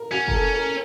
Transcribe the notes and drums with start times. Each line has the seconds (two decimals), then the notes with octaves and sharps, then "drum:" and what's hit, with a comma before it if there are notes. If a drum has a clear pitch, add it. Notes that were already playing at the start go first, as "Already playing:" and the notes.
Already playing: A#4
0.11 C#4 F#4
0.28 A#4, drum: kick
0.34 A4
0.56 A#4